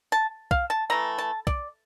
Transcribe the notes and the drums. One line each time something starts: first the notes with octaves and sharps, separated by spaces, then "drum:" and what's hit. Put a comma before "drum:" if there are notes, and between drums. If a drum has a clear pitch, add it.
A5
F5, drum: kick B1
A5
E3 A3 A#5
A5
D5, drum: kick B1